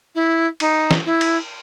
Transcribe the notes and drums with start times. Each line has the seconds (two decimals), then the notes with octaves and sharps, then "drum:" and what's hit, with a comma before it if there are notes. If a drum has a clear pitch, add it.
0.15 E4
0.60 D#4, drum: cymbal
0.91 drum: snare
1.05 E4
1.21 drum: cymbal